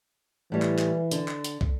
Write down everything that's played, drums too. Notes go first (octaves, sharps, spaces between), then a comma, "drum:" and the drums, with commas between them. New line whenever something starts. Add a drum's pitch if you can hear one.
A2 E3 G3
drum: clap
drum: clap
D3, drum: hi-hat
drum: clap
drum: hi-hat
drum: kick